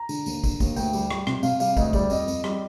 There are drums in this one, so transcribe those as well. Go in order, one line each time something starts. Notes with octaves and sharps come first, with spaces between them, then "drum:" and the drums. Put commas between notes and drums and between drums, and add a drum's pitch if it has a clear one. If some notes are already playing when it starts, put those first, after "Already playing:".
Already playing: A#5
D3, drum: tambourine
D#2, drum: tambourine
D3, drum: kick, tambourine
D#2, drum: kick, tambourine
D2 G5, drum: tambourine
G3, drum: tambourine
G3, drum: rim click
C3, drum: rim click
C3 F5, drum: tambourine
G3 F5, drum: tambourine
D2 D#5, drum: kick, tambourine
G3 D5, drum: kick, tambourine
F2 D#5, drum: tambourine
F2, drum: tambourine
G3, drum: rim click